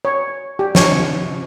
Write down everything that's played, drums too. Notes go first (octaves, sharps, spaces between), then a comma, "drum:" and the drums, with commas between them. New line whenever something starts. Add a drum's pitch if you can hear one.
C#5
G4
C#5, drum: snare